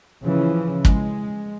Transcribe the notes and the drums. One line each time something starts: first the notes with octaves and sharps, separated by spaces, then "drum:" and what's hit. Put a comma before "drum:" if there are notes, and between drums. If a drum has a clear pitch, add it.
C#3 E3 F3
G#3, drum: kick